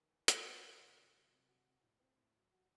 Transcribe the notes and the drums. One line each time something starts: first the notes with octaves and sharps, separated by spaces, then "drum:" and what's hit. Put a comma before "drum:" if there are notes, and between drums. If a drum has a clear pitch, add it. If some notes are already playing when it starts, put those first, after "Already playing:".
Already playing: D#3
E2
E2, drum: hi-hat
D#3
D#3
C3
D#3
F#3
C3
F#4
F#4
A2
C4
A2
F#3
F#4